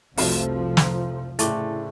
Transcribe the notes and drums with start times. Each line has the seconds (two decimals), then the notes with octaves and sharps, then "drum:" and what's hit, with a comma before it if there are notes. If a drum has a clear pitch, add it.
0.18 F1 C2 C3 F3 A3 C4 F#4 E5, drum: open hi-hat
0.77 A#5 C6, drum: snare
1.39 A2 C#3 A3 C4 D4 E4 D6 A6, drum: hi-hat